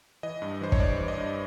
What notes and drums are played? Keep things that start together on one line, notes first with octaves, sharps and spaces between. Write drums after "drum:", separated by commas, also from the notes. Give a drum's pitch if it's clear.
E3 D#5
G2
E3 C5
C#5, drum: kick
G2 D5
E3
D#5
G2